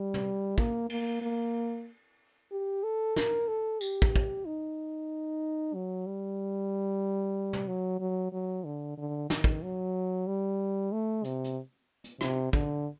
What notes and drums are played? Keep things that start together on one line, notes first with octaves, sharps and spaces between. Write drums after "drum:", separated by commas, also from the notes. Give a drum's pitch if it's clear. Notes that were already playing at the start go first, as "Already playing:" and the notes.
Already playing: G3
drum: tom
A#3, drum: kick
A#3, drum: cymbal
A#3
G4
A4
A#4, drum: snare
A4
G4, drum: tambourine
drum: kick
drum: kick
D#4
F#3
G3
drum: tom
F#3
F#3
F#3
D3
D3
D#3, drum: snare
drum: kick
F#3
G3
A3
C3, drum: hi-hat
drum: hi-hat
drum: hi-hat
C3, drum: rim click
D3, drum: kick